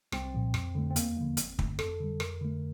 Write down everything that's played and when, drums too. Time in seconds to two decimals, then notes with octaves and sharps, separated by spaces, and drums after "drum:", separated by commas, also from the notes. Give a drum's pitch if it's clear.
0.12 C2 C4, drum: rim click
0.34 A#2 F3
0.54 F2, drum: rim click
0.75 D3 A3
0.91 C4
0.96 E2 A#3, drum: hi-hat
1.17 D3 F3 A#3
1.37 G1 C4, drum: hi-hat
1.59 G2 D3 A3, drum: kick
1.79 F2 A4, drum: rim click
2.00 D3 G3
2.20 F2 A#4, drum: rim click
2.41 D3 A3